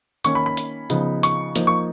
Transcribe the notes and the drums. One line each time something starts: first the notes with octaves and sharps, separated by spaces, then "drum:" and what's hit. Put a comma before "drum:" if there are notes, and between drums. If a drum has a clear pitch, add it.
D#3 A#3 C#4 C#6, drum: hi-hat
B5
B5
drum: hi-hat
C#3 F3 B3 D#4, drum: hi-hat
C#6, drum: hi-hat
F3 A#3 D#4, drum: hi-hat
C#6